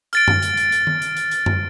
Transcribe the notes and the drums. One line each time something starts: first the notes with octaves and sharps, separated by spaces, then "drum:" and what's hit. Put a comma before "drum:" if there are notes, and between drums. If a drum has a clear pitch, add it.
F6 A6 D7, drum: hi-hat
drum: tom F#2
drum: hi-hat
drum: hi-hat
drum: hi-hat
drum: tom D#3
drum: hi-hat
drum: hi-hat
drum: hi-hat
drum: tom F#2